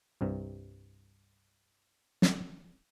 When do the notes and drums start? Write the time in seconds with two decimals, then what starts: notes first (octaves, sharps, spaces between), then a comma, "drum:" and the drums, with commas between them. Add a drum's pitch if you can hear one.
0.21 C2 G2 C3
2.22 drum: snare